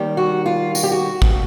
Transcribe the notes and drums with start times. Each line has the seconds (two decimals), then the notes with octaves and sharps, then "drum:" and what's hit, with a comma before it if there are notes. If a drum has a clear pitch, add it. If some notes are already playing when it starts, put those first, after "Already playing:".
Already playing: D#2 D#3 G3
0.17 F#4
0.46 F4
0.75 F#4, drum: tambourine
0.83 G4
0.92 F#4
1.22 drum: kick